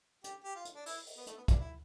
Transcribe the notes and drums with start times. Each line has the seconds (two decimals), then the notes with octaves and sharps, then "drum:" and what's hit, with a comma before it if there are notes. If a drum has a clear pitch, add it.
0.24 G4, drum: hi-hat
0.44 G4
0.55 F4
0.65 drum: hi-hat
0.75 D4
0.86 E4, drum: open hi-hat
1.06 drum: open hi-hat
1.17 B3
1.27 A3, drum: hi-hat
1.37 B3
1.48 D4, drum: kick, hi-hat
1.60 E4